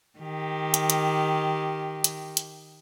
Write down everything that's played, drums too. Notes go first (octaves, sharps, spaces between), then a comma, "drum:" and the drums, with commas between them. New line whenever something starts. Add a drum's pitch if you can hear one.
D#3 G4
drum: hi-hat
drum: hi-hat
drum: hi-hat
drum: hi-hat